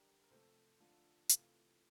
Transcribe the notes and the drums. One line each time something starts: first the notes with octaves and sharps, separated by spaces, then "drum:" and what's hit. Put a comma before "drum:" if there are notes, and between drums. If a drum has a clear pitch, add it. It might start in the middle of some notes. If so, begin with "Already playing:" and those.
Already playing: D3 G3 G4 A#4
A#4
C3 F3 A3 A4 C5
D3 F3 A3 F4 A4
C3 E3 A3 F4, drum: hi-hat